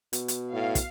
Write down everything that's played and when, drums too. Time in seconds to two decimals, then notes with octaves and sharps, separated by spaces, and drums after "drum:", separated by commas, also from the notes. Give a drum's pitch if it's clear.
0.13 B2, drum: hi-hat
0.28 drum: hi-hat
0.53 A2 F5
0.75 drum: kick, hi-hat